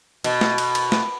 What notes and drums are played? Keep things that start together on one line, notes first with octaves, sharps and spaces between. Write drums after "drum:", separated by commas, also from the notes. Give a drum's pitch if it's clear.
B2, drum: cymbal
drum: snare
drum: cymbal
drum: cymbal
drum: snare